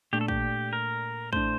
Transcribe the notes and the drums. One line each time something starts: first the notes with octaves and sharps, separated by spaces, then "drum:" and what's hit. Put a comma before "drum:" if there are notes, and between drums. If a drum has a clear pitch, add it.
A#2 A3 D4 G4
A4
G4, drum: kick
A#4
A2 A3 D4 C5, drum: kick